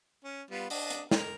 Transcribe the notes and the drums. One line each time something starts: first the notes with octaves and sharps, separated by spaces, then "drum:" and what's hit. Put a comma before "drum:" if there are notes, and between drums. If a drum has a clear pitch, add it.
C#4
G3 B3 F4
D4 D#5, drum: open hi-hat
drum: hi-hat
A#4, drum: snare